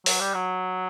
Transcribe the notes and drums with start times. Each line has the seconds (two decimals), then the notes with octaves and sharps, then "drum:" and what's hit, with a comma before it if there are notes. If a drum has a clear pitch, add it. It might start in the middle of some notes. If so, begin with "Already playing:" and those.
0.06 F#3, drum: open hi-hat
0.20 G3
0.34 F#3